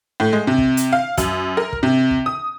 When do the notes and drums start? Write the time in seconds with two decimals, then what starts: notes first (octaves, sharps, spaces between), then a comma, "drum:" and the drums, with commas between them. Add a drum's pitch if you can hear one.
0.20 A2
0.33 G#3
0.47 C3
0.58 drum: kick
0.77 drum: hi-hat
0.93 F5
1.17 F#2, drum: kick, hi-hat
1.57 A#4
1.73 drum: kick
1.83 C3
2.11 drum: kick
2.26 D#6